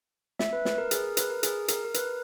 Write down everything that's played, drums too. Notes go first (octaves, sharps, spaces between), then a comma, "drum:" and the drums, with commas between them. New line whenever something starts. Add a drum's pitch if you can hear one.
E5, drum: snare
B4
B4, drum: snare
A#4
G#4, drum: hi-hat
A#4
B4, drum: hi-hat
A#4
G#4, drum: hi-hat
A#4, drum: hi-hat
A#4
B4, drum: hi-hat